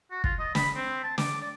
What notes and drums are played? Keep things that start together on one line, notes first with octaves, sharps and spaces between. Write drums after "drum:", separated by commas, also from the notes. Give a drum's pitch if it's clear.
F#4
F4, drum: kick
D#5
B5, drum: snare
C4
A5
D6, drum: snare
D5